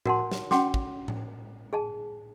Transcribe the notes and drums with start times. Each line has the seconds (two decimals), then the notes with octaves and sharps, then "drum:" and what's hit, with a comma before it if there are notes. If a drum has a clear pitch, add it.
0.06 F#4 A#4 F#5 G#5 A5 C6, drum: tom A2
0.32 drum: snare
0.51 C#4 F#4 F#5 G5 C6 D6, drum: snare
0.74 drum: kick
1.08 drum: tom A2
1.73 G#4 G#5 A5